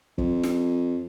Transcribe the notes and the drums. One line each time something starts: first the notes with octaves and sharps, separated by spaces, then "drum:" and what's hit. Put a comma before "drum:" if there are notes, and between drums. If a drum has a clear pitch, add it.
F2, drum: kick
drum: snare